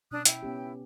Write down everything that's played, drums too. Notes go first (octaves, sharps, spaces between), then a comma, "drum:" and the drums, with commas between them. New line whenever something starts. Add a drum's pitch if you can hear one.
B2 C#4 D4 D#6 F#6
E4 G5, drum: hi-hat
B3 C#4 G4